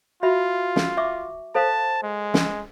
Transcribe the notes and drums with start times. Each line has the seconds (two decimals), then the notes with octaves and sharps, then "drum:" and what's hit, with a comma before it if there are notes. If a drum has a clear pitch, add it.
0.23 F4 F#4 E5 B5
0.76 drum: snare
0.97 E5 C#6 D6
1.55 A4 C5 F5 A5
2.03 G#3
2.34 drum: snare